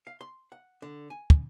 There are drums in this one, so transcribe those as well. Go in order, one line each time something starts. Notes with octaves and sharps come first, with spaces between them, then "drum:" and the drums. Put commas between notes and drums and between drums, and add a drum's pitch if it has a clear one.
F5
C6
F#5
D3
G#5
drum: kick